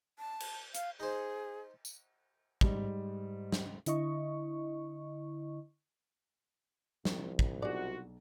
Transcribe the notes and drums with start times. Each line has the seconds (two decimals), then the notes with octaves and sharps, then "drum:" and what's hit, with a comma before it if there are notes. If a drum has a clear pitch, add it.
0.19 A5
0.40 drum: cymbal
0.75 F5, drum: hi-hat
1.00 D#4 G#4 C5
1.85 drum: tambourine
2.61 G#2 G3, drum: kick
3.52 drum: snare
3.86 D3 E4 D#5 C#6, drum: hi-hat
7.05 C2 F3, drum: snare
7.39 drum: kick
7.62 B1 D#4 F4 F#4 G#4 D5